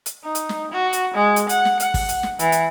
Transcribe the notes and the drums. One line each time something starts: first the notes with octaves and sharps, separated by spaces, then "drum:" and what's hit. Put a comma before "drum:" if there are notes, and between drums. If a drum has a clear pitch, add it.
drum: hi-hat
D#4
drum: hi-hat
drum: snare
F#4
drum: hi-hat
G#3
drum: hi-hat
F#5, drum: hi-hat
drum: snare
F#5, drum: hi-hat
drum: kick, open hi-hat
drum: hi-hat
drum: snare
E3, drum: hi-hat
drum: hi-hat